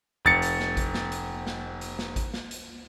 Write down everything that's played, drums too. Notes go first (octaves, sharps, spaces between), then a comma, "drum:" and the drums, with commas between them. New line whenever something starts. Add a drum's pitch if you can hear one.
F1 A6 C#7
drum: hi-hat
drum: snare
drum: kick A1, hi-hat
drum: snare
drum: hi-hat
drum: snare
drum: hi-hat
drum: snare
drum: kick A1, hi-hat
drum: snare
drum: hi-hat